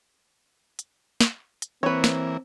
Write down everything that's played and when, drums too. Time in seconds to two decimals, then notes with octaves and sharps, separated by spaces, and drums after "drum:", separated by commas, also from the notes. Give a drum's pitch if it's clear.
0.79 drum: hi-hat
1.21 drum: snare
1.62 drum: hi-hat
1.83 E3 A#3 C4 B4 C#5
2.04 drum: snare